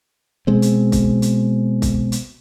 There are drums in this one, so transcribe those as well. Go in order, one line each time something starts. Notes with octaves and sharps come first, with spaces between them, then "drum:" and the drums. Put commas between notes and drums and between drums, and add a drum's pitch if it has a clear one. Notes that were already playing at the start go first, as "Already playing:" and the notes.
B2 G#3 C4
drum: hi-hat
drum: kick, hi-hat
drum: hi-hat
drum: kick, hi-hat
drum: hi-hat